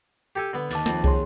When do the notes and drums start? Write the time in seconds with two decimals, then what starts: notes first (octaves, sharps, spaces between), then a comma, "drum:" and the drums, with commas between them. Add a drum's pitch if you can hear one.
0.36 G4 A4 G#5
0.53 D3 B3
0.71 D#2 A5 D6 A6, drum: open hi-hat
0.86 F2, drum: snare
1.04 G#4 C#5 C6, drum: kick, hi-hat